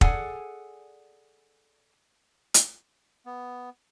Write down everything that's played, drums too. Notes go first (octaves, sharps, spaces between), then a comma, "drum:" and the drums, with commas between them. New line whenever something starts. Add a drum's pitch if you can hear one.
G#4 A4 D5 F#5 G#5, drum: kick
drum: hi-hat
B3